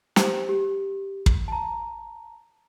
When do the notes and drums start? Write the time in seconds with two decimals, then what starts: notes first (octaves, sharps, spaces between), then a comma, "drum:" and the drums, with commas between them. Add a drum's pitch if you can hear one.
0.16 G4 C5, drum: snare
0.49 G4
1.26 drum: kick
1.48 A5 A#5